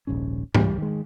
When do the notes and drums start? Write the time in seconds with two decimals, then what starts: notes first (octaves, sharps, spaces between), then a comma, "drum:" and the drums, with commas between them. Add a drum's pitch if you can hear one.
0.07 D#1 A#1 G#2 C#4
0.55 C#2 E3 G3, drum: tom G#2
0.78 D#3 G#3